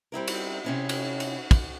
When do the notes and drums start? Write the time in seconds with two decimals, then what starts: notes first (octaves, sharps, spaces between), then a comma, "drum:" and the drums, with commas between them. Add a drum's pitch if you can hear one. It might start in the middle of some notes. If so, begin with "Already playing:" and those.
0.12 G3 C4 E4 A#4
0.28 drum: cymbal
0.64 C3 C#4 E4
0.89 drum: cymbal
1.20 drum: cymbal
1.51 drum: kick, cymbal